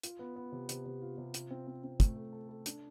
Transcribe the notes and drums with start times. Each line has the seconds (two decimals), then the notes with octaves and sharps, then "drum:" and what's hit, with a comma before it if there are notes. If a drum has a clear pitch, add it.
0.03 F4, drum: hi-hat
0.19 B3
0.36 B3
0.52 C3
0.69 C3, drum: hi-hat
0.86 C3
1.02 F4
1.18 C3
1.34 F4, drum: hi-hat
1.51 C4
1.67 C4
1.84 C4
2.00 A3, drum: kick, hi-hat
2.16 A4
2.33 A4
2.49 A4
2.66 D4, drum: hi-hat